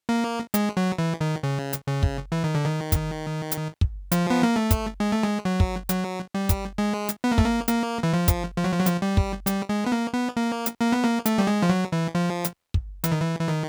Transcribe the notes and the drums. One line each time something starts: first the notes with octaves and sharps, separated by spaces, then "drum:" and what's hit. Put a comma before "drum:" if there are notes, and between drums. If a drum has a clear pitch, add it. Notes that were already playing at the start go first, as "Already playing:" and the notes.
A#3
G#3, drum: hi-hat
F#3
E3
D#3
C#3
drum: hi-hat
C#3
drum: kick
E3
D#3
D3
D#3
drum: kick, hi-hat
drum: hi-hat
drum: kick
F3, drum: hi-hat
B3
A#3
A3
drum: kick, hi-hat
G#3
A3
G#3
F#3
drum: kick
F#3, drum: hi-hat
G3
drum: kick, hi-hat
G#3
drum: hi-hat
B3
A#3
A3, drum: kick
A#3
A#3, drum: hi-hat
E3
F3
drum: kick, hi-hat
F3
F#3
F3
F#3
F3, drum: hi-hat
G3
drum: kick
G3, drum: hi-hat
G#3
B3
A#3
B3
A#3
drum: hi-hat
A#3
B3
A#3
A3, drum: hi-hat
G3
G#3
F3
F#3
E3
F3
drum: hi-hat
drum: kick
E3, drum: hi-hat
D#3
E3
E3
D#3